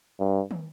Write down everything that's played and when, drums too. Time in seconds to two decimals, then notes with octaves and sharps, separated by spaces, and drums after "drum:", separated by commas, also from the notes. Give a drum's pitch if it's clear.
0.20 G2
0.51 drum: tom